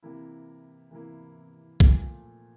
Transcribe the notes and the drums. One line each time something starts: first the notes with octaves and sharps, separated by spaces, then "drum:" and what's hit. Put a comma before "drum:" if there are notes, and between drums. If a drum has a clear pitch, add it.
C3 E3 A#3 E4
C3 E3 A#3 E4
A#2 F3 A3, drum: kick